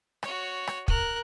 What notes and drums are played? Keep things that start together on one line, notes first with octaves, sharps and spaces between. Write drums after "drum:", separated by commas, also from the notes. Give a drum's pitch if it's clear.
F#4 C#5, drum: rim click
drum: rim click
A#4 F#6, drum: kick